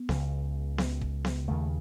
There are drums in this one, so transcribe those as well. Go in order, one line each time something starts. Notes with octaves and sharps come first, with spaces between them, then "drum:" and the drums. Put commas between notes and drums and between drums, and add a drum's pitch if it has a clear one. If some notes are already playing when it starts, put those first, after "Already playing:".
Already playing: B3
C#2 C#3, drum: snare B3
drum: snare B3
drum: kick
drum: snare B3
D#2 C#3 A3